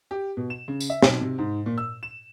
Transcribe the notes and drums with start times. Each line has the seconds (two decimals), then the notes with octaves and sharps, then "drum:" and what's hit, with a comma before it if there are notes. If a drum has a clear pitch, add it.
0.11 G4
0.37 B2
0.50 E7
0.68 C#3
0.80 drum: tambourine
0.90 E5
1.02 B1, drum: snare C4
1.21 C3
1.38 G#2
1.66 A#2
1.78 E6
2.03 E7